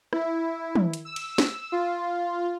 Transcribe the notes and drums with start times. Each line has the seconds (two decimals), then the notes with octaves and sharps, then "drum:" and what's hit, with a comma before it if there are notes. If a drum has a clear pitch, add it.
0.13 E4, drum: rim click
0.75 drum: tom
0.93 drum: hi-hat
1.05 E6
1.16 drum: cymbal
1.38 drum: snare
1.72 F4